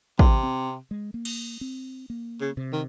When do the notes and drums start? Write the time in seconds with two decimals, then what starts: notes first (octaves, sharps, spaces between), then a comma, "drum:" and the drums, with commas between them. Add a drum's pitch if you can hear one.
0.19 C3, drum: kick
0.43 C4
0.91 G#3
1.14 A#3
1.25 drum: cymbal
1.61 C4
2.10 A#3
2.41 C#3
2.57 C3
2.72 D#3